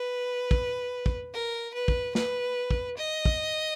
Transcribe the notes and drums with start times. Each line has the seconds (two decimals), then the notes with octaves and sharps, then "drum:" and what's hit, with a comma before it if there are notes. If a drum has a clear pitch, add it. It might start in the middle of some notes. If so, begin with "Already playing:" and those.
Already playing: B4
0.51 drum: kick
1.06 drum: kick
1.34 A#4
1.74 B4
1.88 drum: kick
2.15 B4, drum: snare
2.71 drum: kick
2.98 D#5
3.25 drum: kick